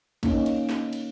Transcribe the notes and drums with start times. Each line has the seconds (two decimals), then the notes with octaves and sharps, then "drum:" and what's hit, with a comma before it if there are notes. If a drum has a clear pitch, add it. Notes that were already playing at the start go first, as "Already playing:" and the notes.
0.23 A#3 C#4 D#4, drum: kick A1, cymbal
0.46 drum: cymbal
0.69 drum: snare
0.93 drum: cymbal